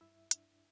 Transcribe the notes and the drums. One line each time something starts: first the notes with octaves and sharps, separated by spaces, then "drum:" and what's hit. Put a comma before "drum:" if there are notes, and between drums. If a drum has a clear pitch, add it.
G2 E4 E5
D4, drum: hi-hat